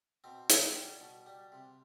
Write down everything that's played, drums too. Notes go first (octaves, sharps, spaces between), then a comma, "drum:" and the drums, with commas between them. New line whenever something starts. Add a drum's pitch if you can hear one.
B2 C4
B2, drum: hi-hat
G3
B2
G3
C3